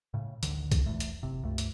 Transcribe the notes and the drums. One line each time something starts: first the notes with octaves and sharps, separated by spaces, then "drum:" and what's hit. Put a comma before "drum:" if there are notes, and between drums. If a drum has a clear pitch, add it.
A2 C#3
A1 D2 D3 D#3, drum: hi-hat
drum: kick C2, hi-hat
D#1 B1 E2 A3
drum: hi-hat
F#1 C3
C#2 G2 A3
drum: hi-hat